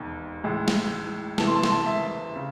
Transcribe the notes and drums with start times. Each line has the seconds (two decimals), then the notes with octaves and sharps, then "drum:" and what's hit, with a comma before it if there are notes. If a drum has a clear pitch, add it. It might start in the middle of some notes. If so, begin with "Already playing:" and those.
Already playing: E1 D#2 D#3
0.44 A1 A2 G#3
0.68 drum: snare
1.38 E2 C3 E3 A3 A5, drum: snare
1.47 C6
1.55 A5
1.63 C6, drum: snare
1.71 A5
1.86 E5
2.36 C#3